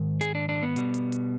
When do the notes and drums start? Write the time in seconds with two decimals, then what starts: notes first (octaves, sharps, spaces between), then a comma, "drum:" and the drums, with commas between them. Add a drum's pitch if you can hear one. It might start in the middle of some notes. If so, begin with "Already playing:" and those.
Already playing: G#2 D#3
0.21 G#4, drum: hi-hat
0.35 D4
0.49 D4
0.63 B3
0.76 B2 G3, drum: hi-hat
0.94 drum: hi-hat
1.12 drum: hi-hat